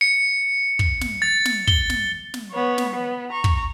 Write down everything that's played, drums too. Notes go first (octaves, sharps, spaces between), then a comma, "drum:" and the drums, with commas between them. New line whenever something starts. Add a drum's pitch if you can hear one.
C#7
drum: kick
drum: snare
A6
drum: snare
G7, drum: kick
drum: snare
drum: snare
B3 C#5
drum: snare
B3
A#5 C#6
drum: kick